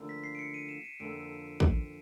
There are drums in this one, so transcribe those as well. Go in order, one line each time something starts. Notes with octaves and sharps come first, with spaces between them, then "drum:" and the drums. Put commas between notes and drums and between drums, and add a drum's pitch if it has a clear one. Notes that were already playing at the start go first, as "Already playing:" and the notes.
Already playing: D2 D3 F3 A#3 D4
B6
C7
D7
C#7
D#7
E7
D#7
F2 D3 F3 A#3 D4 D7
drum: kick